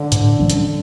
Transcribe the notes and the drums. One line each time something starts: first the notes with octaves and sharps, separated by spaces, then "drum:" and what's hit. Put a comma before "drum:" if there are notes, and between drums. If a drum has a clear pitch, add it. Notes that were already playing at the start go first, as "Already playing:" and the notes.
Already playing: D3
A2, drum: hi-hat
E3 G3 C#4
drum: hi-hat